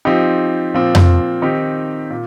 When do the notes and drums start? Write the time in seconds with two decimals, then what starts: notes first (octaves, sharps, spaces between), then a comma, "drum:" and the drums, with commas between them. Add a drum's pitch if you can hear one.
0.05 F3 C4 D#4 G4
0.74 A#2 F3 C4
0.95 drum: tom F2
1.42 D#3 C4 D#4 G4
2.10 A#2